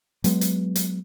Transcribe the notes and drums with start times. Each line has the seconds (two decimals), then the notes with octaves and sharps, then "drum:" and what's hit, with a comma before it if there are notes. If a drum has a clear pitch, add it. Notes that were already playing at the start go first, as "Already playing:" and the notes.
0.24 F#3 G#3 B3, drum: hi-hat
0.41 drum: hi-hat
0.76 drum: hi-hat